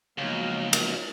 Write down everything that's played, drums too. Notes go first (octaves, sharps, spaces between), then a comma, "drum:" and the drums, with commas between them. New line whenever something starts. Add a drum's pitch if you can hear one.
C#2 F3 F#3 A#3 B3 D#4 F5
drum: cymbal